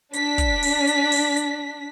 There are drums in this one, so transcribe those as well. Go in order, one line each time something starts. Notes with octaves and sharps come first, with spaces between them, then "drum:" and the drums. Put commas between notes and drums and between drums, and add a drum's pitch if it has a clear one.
D4 B6, drum: hi-hat
drum: kick, hi-hat
drum: open hi-hat
drum: hi-hat
drum: open hi-hat
drum: hi-hat